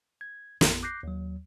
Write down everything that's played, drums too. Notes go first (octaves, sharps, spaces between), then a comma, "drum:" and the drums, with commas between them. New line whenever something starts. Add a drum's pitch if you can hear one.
G#6
A1 F2 B3, drum: snare
D6 F#6 G6 A#6 C7
D#2 F#3